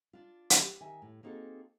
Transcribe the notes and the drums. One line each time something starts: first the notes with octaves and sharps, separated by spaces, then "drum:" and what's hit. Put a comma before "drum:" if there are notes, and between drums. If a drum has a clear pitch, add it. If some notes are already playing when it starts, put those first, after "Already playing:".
D4 F4
drum: hi-hat
G4
D#3 E5 G#5
A2
A#3 C4 D#4 F#4 G#4 A4